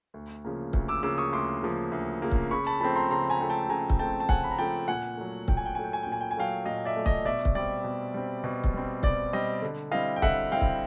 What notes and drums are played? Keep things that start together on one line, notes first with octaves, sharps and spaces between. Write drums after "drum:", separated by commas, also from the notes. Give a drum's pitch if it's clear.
D2
C#3 F3 A#3
D2, drum: kick C#1
D6 E6
C#3 F3 A#3 D6 E6
C#6 D#6
D2 C6 D6
C#3 F3 A#3
D2
C#3 F3 A#3
drum: kick C#1
C#3 B5 C#6
A5 B5
F3 A3 C4 A5 B5
A#5 C6
C#3 A#5 C6
G#5 A#5
F3 A3 C4
G5 A5
C#3 G#5 A#5
drum: kick C#1
F3 A3 C4 G5 A5
A5
C#3 F#5 G#5, drum: kick C#1
B5
A#5
F3 A3 C4 G5 A5
A#2 F#5 G#5
F#3 A3
A#2 G5, drum: kick C#1
G#5
G5
F#3 A3 G#5
G5
G#5
A#2 G5
G#5
G5
G#5
F#3 A3 F5 G5
A#2 D#5 F5
D5 E5
F#3 A3
D#5, drum: kick C#1
B2 D5 E5
drum: kick C#1
G3 C4 D5
B2
G3 C4
B2
drum: kick C#1
G3 C4
B2 D5, drum: kick C#1
G3 C4 D#5
D3
G3 C4 E4 D#5 F5
G5
D3 E5 F#5, drum: kick C#1
G3 C4 E4 F5 G5
drum: kick C#1